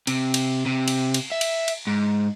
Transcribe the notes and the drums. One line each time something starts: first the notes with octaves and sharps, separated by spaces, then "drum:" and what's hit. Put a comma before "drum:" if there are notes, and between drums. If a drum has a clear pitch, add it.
C3, drum: cymbal
drum: cymbal
C3
drum: cymbal
drum: cymbal
E5
drum: cymbal
drum: cymbal
G#2